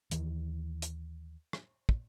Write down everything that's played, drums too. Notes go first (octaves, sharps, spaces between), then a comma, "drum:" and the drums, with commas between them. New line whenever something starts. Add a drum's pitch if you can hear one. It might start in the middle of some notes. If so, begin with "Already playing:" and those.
D#2 D#3 E3, drum: hi-hat
drum: hi-hat
drum: rim click
drum: kick